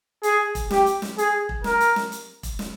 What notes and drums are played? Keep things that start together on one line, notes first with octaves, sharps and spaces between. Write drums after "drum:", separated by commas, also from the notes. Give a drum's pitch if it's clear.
G#4, drum: hi-hat
drum: kick E1, hi-hat
G4, drum: snare
drum: hi-hat
drum: snare
G#4, drum: hi-hat
drum: kick E1
A#4, drum: snare
drum: hi-hat
drum: snare
drum: hi-hat
drum: kick E1, hi-hat
drum: snare